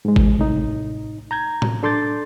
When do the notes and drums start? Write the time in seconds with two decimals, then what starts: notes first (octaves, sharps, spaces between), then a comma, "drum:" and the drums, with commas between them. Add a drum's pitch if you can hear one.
0.05 G#2 G#3
0.16 drum: kick G#1
0.39 C2 A2 D#4
1.31 A#5 G6 G#6
1.62 drum: tom A2
1.83 D4 A4 C6 D6 G6 A6